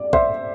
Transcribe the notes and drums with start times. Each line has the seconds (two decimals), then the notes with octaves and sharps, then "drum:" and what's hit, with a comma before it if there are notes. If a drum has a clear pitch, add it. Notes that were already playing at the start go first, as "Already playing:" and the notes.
Already playing: D5
0.13 C5 E5, drum: kick A#1